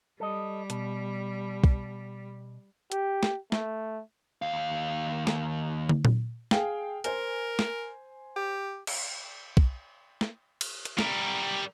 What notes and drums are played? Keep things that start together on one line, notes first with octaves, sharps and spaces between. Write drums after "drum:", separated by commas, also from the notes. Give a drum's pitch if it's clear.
G3 A4 D#5
B2, drum: hi-hat
drum: kick
G4, drum: hi-hat
drum: snare
A3, drum: snare
D#2 F5
drum: snare
drum: tom
drum: tom A#2
G#4 F5 G5, drum: snare
A#4 C5 G#5, drum: hi-hat
drum: snare
G4
drum: cymbal
drum: kick
drum: snare
drum: cymbal
drum: hi-hat
G3 A#4, drum: snare